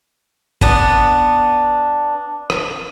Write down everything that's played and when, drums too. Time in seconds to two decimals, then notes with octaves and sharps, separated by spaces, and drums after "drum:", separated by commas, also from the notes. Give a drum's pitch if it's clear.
0.61 B3 D4, drum: kick
2.50 drum: rim click